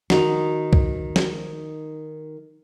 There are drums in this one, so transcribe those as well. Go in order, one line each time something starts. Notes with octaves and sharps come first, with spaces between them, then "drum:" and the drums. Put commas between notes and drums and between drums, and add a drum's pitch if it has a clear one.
D#3 D#4 F#4, drum: snare
drum: kick C2
drum: snare